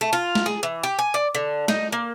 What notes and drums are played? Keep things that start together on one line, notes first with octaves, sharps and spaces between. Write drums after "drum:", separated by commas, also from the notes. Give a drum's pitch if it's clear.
A3
F4
drum: snare
G#4
E3
G4
G#5
D5
D3
D#4, drum: snare
A#3